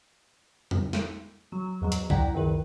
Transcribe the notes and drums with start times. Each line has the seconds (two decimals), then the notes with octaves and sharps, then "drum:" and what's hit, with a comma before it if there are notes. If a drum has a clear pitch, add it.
0.71 drum: tom F2
0.93 drum: snare
1.52 F#3
1.81 E2 G#2 F#3
1.92 drum: hi-hat
2.10 E4 D5 F#5 G5 A#5, drum: kick
2.34 C#2 F#2 D#3 B4